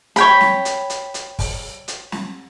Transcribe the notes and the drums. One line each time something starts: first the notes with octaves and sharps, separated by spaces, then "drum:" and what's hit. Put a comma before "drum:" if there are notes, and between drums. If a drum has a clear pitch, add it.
C#5 G5 B5, drum: hi-hat
drum: snare
drum: hi-hat
drum: hi-hat
drum: hi-hat
drum: kick, open hi-hat
drum: hi-hat
drum: snare